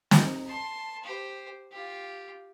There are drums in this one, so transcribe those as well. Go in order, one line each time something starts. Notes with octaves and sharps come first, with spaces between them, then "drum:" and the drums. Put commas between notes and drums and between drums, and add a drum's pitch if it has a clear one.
D#4, drum: snare
A5 C6
G4 C5
F4 G4